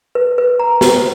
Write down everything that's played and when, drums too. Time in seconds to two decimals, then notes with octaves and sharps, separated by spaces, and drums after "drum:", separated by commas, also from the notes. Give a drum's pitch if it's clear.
0.15 B4
0.38 B4
0.59 A#5
0.81 B4, drum: snare